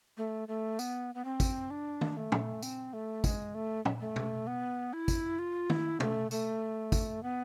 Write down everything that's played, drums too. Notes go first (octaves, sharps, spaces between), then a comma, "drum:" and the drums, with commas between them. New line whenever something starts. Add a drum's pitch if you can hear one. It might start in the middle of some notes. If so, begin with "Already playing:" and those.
A3
A3
B3, drum: tambourine
B3
C4
drum: kick, tambourine
D4
drum: tom D#3
A3
drum: tom
C4, drum: tambourine
A3
G#3, drum: kick, tambourine
A3
drum: tom
A3
drum: tom
B3
E4
drum: kick, tambourine
F4
E4, drum: tom D#3
A3, drum: tom
A3, drum: tambourine
drum: kick, tambourine
B3